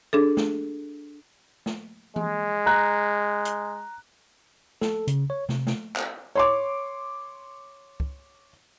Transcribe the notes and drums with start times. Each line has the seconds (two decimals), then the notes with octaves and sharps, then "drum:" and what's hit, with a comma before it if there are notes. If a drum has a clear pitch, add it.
0.13 D4 G#4 A4
0.37 drum: snare
1.66 drum: snare
2.16 G#3, drum: tom E3
2.66 A#5 F#6
3.45 drum: hi-hat
4.81 A4, drum: snare
5.07 C#3, drum: hi-hat
5.30 C#5
5.49 C3, drum: snare
5.67 drum: snare
5.96 drum: clap
6.35 C#5 C6 D6
8.00 drum: kick